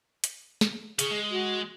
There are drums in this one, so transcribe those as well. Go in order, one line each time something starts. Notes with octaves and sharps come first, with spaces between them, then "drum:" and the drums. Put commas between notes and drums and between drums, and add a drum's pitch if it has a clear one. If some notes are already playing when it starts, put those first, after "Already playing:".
drum: hi-hat
drum: snare
G#4 C#5 F5, drum: hi-hat
G#3
F#4